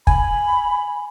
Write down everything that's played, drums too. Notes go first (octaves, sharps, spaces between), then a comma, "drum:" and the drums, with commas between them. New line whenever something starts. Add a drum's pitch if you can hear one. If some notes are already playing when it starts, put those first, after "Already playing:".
G#5 B5, drum: kick